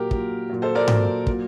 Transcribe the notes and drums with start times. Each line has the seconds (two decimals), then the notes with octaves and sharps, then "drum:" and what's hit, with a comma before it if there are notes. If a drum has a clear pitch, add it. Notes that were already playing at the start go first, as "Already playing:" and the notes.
Already playing: A#2 F#3 G4 A#4
0.11 A#2 F#3, drum: kick
0.50 A#2 F#3
0.62 A4 C5
0.75 A#4 D5
0.88 A#2 F#3, drum: tom G#2
1.27 A#2 F#3, drum: kick